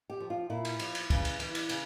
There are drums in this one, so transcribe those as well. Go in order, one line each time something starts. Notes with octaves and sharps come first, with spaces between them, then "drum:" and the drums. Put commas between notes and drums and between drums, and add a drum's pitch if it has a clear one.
G4
F3
F4
A#2 E4
drum: cymbal
F3, drum: cymbal
drum: cymbal
C#3, drum: kick, cymbal
drum: cymbal
E3, drum: cymbal
drum: cymbal
C#3, drum: cymbal